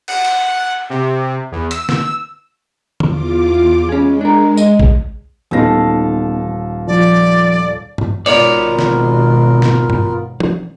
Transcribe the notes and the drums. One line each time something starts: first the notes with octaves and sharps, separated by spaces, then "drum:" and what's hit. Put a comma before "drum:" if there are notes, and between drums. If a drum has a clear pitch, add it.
F#5, drum: cymbal
drum: cymbal
C3
E2
E6, drum: hi-hat
drum: snare
E2 F4 D6, drum: tom D3
G#3 C#4 G#4
D4 A#4
D#5, drum: tambourine
drum: kick
D#1 E3 B3 D#4 A4 F5 A#6
F3 D5
drum: tom G2
G#1 B2 B3 F4 A#4 C#5 D5, drum: cymbal
drum: snare
drum: snare
drum: tom G2
drum: tom